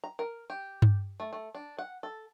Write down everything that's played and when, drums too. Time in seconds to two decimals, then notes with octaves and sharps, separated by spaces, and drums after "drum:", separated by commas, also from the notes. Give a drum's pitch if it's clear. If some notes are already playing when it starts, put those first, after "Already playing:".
0.04 A#5
0.19 A#4
0.50 G4
0.82 drum: tom G2
1.20 A3
1.33 A3
1.55 D4
1.79 F#5
2.03 A4